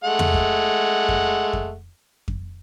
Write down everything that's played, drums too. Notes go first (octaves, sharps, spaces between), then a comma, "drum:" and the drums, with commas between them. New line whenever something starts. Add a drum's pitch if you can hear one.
G#3 A3 F#5
drum: tom E2
drum: kick F2
drum: kick F2
drum: kick F2
drum: kick F2